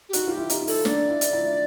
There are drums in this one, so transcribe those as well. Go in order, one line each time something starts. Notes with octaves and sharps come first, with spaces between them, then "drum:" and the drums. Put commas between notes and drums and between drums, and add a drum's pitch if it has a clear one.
G4
D#4 F#4, drum: hi-hat
F4 G4
E4
D#4, drum: hi-hat
E4
A4, drum: open hi-hat
D4 D5, drum: snare
E4
drum: hi-hat
E4